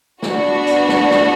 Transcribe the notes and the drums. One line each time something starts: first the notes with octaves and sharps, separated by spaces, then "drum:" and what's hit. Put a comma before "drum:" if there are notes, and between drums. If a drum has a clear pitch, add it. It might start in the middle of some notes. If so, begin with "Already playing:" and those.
B3 D4 F#4, drum: snare
drum: hi-hat
drum: snare
drum: snare